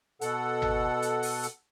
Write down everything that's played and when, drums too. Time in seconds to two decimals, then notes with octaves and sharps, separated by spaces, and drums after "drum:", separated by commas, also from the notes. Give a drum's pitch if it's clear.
0.21 B2 A4 F#5, drum: hi-hat
0.62 drum: tom G1
1.02 drum: hi-hat
1.23 drum: open hi-hat
1.43 drum: hi-hat